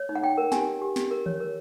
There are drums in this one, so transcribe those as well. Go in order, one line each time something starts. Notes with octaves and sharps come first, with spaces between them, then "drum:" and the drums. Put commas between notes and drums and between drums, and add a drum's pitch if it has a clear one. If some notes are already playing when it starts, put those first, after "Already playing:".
Already playing: C#5
D#4
F#5
D#4 G5
A#4
G4 G#5, drum: snare
D#4
G4
G4, drum: snare
A#4
C#5, drum: tom D#3
A#4